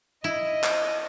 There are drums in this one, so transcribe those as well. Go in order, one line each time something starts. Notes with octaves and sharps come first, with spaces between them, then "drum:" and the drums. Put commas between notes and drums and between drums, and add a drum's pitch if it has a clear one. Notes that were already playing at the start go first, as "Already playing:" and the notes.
E4 D#5
drum: clap